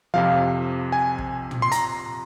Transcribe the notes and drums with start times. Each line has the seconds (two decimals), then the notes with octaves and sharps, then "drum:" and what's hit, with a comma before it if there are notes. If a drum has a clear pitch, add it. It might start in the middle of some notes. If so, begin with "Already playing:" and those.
0.14 F2 C3 F3 F5
0.92 G#5
1.18 drum: kick
1.51 drum: tom
1.62 C6
1.72 A#5, drum: hi-hat